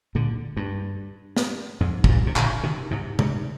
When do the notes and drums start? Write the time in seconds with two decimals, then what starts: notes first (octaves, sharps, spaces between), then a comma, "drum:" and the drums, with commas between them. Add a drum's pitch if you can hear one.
0.15 A#2 D3
0.57 G2
1.37 drum: snare
1.81 F2 G#2
2.04 C3, drum: kick
2.09 G2 A#2
2.27 C3
2.36 A#2 D3, drum: clap
2.63 C3 D#3
2.91 G#2 C3
3.19 G#2 C3, drum: tom C3